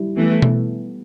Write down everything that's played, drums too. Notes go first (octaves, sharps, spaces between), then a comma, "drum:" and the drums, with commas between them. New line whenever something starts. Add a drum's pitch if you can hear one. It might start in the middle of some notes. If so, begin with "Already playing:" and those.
Already playing: G3 E4
E3 A3 B3
drum: tom B2